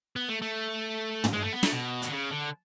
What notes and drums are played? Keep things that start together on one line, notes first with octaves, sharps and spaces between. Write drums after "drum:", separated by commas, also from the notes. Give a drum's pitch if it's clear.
B3
A3
A3
drum: tom
G#3
A3
B3
A3, drum: snare
B2
D3, drum: hi-hat
C#3
D3